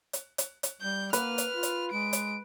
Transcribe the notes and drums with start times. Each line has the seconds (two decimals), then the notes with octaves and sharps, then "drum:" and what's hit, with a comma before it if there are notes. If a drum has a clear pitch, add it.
0.13 drum: hi-hat
0.38 drum: hi-hat
0.63 drum: hi-hat
0.81 G3 G6
1.13 A#3 B4 F6, drum: hi-hat
1.38 drum: hi-hat
1.53 F4
1.63 drum: hi-hat
1.92 G#3 D7
2.13 drum: hi-hat